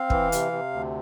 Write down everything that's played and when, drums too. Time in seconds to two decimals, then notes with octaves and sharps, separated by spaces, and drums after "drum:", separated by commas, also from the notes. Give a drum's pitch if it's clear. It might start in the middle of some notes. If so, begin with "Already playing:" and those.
Already playing: C4 F5
0.10 E3, drum: kick
0.32 C3, drum: hi-hat
0.52 C3
0.73 D2